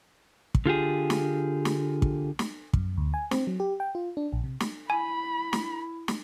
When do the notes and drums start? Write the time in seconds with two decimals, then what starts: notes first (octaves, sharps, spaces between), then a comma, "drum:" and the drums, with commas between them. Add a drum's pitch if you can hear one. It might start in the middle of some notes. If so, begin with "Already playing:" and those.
0.55 drum: kick
0.66 D3 F4 G4 G#4
1.10 drum: snare
1.65 drum: snare
2.02 drum: kick
2.39 drum: snare
2.73 F#2, drum: kick
2.97 D2
3.14 G#5
3.31 C4, drum: snare
3.47 F#3
3.60 G4
3.80 G5
3.95 F4
4.17 D4
4.33 A#1
4.44 C3
4.60 drum: snare
4.90 E4 G#5 B5
5.53 drum: snare
6.08 drum: snare